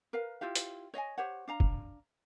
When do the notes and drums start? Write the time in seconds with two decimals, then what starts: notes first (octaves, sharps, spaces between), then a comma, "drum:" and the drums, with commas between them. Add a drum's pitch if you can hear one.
0.13 A#4 B4 F5
0.41 E4 F4 G4 F5
0.55 drum: hi-hat
0.94 C#5 D#5 F5 G#5
1.18 G4 C5 C#5 F#5
1.48 D4 F5 A#5
1.60 drum: kick